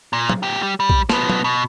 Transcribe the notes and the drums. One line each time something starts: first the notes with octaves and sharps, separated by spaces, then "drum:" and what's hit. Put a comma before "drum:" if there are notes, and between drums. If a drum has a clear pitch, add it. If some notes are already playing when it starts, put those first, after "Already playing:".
A#2
drum: tom
A#2 G4
G3
G3
drum: kick
F3 B3, drum: snare
drum: tom
B2